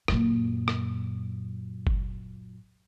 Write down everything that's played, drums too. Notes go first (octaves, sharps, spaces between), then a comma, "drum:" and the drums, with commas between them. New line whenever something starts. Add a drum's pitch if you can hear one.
F#2 A#2, drum: rim click
drum: rim click
drum: kick F#1